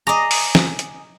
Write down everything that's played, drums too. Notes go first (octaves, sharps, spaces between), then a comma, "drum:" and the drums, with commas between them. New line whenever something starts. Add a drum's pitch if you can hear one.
G#4 D#5 A#5 D6 D#6
drum: open hi-hat
drum: snare
drum: hi-hat